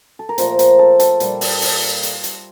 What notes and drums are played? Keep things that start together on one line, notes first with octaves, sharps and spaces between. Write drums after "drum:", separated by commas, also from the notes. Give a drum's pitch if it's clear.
A4
A#4
A#2 F3 A3 C5, drum: hi-hat
A#4, drum: hi-hat
A4
A4, drum: hi-hat
A#2 G3 A#3, drum: hi-hat
drum: open hi-hat
drum: open hi-hat
drum: hi-hat
drum: hi-hat